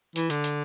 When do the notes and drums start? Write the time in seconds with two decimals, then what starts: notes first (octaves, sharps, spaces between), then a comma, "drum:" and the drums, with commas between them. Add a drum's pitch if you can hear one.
0.16 E3, drum: hi-hat
0.30 D3, drum: hi-hat
0.44 drum: hi-hat